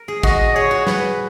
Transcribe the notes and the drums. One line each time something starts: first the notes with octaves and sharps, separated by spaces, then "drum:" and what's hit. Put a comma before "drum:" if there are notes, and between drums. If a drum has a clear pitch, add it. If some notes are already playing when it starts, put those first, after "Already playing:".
Already playing: A#4
G#4
F#4 D#5, drum: kick G#1
G#4 C#5
F#4
F#4 B4, drum: snare